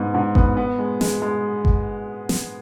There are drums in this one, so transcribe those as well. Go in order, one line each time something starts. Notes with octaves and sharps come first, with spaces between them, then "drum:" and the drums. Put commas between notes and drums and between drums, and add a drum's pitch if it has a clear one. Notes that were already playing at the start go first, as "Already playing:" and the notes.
Already playing: G#2 B3
G#2
B3, drum: kick G1
B3
G#3
G#3, drum: snare
G#3
drum: kick G1
drum: snare